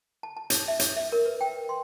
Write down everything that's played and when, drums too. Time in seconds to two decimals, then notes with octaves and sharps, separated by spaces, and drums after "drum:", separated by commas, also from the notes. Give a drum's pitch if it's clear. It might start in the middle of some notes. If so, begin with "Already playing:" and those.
0.23 A5
0.37 A5
0.50 C#5, drum: hi-hat
0.68 E5
0.79 C#5, drum: hi-hat
0.97 E5
1.12 A#4
1.25 B4
1.41 G5
1.69 C6